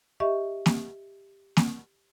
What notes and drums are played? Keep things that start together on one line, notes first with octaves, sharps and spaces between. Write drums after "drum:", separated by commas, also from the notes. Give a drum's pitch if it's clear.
G4 D#5 E5 C#6
drum: snare A#3
drum: snare A#3